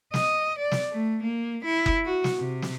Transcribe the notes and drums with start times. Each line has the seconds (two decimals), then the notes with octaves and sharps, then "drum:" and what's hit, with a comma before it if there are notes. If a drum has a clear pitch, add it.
0.14 D#5, drum: snare
0.59 D5
0.71 drum: snare
0.92 A3
1.23 A#3
1.65 E4
1.86 drum: kick F#1
2.05 F#4
2.24 drum: snare
2.39 C3
2.62 drum: snare